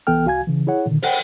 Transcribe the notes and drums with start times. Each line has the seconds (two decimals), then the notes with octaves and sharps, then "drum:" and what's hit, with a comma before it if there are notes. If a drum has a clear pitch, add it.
0.07 C2 E3 B3 A4 G5 F6
0.25 C2 F#4 F5 G#5 G#6
0.47 C#3 E3
0.67 E4 G#4 C#5 F#5
0.86 A#2 D3 D#3
1.03 C5 F#5 G5, drum: open hi-hat